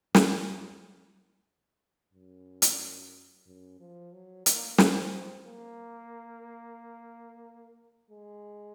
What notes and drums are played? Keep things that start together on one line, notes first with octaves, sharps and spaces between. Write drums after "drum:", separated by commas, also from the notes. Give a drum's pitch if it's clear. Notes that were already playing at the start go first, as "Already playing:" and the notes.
F#2, drum: snare
F#2
drum: hi-hat
F#2
F3
F#3
A#3, drum: hi-hat
C4, drum: snare
A#3
G#3